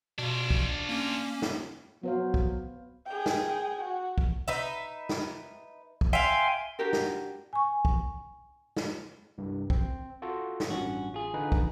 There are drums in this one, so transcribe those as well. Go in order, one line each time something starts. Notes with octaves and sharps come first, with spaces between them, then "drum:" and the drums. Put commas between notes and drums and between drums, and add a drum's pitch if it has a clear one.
B2 D4 F4
drum: kick
A#3 C#4
drum: snare
F#3 B3 C5 F5
drum: kick
G#4 G5
drum: snare
F#4
drum: kick
D#4 B4 E5
drum: snare
drum: kick
E5 F5 G5 G#5 C6
D4 F#4 G4 A#4
drum: snare
G#5 C#6
drum: kick
drum: snare
C2 G2
C4, drum: kick
F4 F#4 A4
drum: snare
A1 G2 C#4 F#4
F4 G#4
D3 D#4 B4
drum: kick